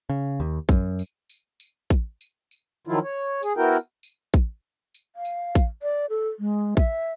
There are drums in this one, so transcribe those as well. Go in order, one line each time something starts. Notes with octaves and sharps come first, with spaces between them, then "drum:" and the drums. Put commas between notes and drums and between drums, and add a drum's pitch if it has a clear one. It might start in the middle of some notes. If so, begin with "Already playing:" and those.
C#3
D#2
F#2, drum: kick, tambourine
drum: tambourine
drum: tambourine
drum: tambourine
drum: kick, tambourine
drum: tambourine
drum: tambourine
D#3 F3 F#3 E4 F4
C#5
G#4, drum: tambourine
B3 E4 F#4 A#4 G5
drum: tambourine
drum: tambourine
drum: kick, tambourine
drum: tambourine
F5
drum: tambourine
drum: kick, tambourine
D5
A4
G#3
E5, drum: kick, tambourine